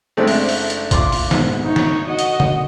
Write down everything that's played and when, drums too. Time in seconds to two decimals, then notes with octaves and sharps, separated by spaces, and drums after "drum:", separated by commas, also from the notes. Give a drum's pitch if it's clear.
0.17 F#1 G#3 A3 C4 D4 A4
0.27 drum: open hi-hat
0.49 drum: open hi-hat
0.70 drum: hi-hat
0.91 F4 C6 D6, drum: kick, hi-hat
1.12 drum: open hi-hat
1.31 G#2 B2, drum: snare
1.63 D#4 C#5
1.76 drum: snare
2.07 F#4 D#5
2.19 drum: hi-hat
2.40 drum: tom C#3